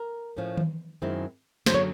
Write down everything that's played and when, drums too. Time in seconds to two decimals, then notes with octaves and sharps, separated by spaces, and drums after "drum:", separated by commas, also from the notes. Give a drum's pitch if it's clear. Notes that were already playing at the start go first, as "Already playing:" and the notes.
Already playing: A#4
0.37 A2 F3 A3 C#4
0.57 drum: tom D#3
1.02 F#2 D#3 G#3 C4 E4
1.66 F#2 D3 F#3 C5, drum: snare
1.74 C#5